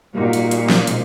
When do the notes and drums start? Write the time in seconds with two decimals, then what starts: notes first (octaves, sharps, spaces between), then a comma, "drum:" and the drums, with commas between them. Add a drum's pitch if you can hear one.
0.15 A#2 G3 A#3 D#4 F#4
0.33 drum: hi-hat
0.51 drum: hi-hat
0.70 drum: snare
0.87 B2 G#3 C4 D#4, drum: hi-hat